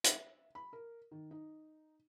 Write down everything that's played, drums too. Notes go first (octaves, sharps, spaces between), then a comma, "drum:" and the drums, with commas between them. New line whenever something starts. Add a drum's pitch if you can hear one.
E5, drum: hi-hat
B5
A#4
D#3
D#4